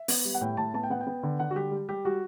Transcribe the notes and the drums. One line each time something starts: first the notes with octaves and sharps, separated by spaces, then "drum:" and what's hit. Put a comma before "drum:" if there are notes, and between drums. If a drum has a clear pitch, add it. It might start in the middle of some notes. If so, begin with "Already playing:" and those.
Already playing: E5
B3, drum: open hi-hat
G3
F#5
A2 G5
A2 A5
B3 A5
G5
B3 F#5
G5
B3
D3
D3 F#5
F#4
G3 G4
G3
G3 G4
G3 F#4